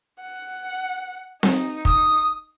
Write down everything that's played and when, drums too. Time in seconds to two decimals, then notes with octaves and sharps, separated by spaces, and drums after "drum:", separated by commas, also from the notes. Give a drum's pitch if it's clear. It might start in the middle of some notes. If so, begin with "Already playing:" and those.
0.21 F#5
1.43 D#4, drum: snare C4
1.85 D#6, drum: kick